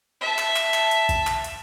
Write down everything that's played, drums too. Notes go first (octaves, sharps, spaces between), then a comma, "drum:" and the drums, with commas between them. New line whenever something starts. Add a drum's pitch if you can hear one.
E5 A5
drum: clap
drum: clap
drum: clap
drum: hi-hat
drum: kick, hi-hat
drum: clap
drum: hi-hat